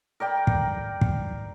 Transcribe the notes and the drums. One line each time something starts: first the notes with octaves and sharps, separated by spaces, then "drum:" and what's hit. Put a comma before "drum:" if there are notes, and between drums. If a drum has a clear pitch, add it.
A#4 D5 G5 B5
drum: kick
drum: kick